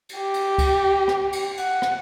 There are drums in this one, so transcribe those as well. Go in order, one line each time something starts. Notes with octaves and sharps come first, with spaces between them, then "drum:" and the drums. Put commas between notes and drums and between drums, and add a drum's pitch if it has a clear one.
drum: cymbal
G4
drum: cymbal
drum: kick C#2, cymbal
drum: rim click
drum: cymbal
F#5, drum: cymbal
drum: rim click